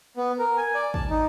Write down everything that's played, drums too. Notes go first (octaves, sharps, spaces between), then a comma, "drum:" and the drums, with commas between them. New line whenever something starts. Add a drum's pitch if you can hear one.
B3
A#4
G#5
D5
A5, drum: kick
D#4